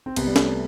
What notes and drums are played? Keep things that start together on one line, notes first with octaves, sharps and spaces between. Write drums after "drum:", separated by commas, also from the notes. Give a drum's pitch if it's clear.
C4
C2 B3, drum: cymbal
G3
A3, drum: snare C#4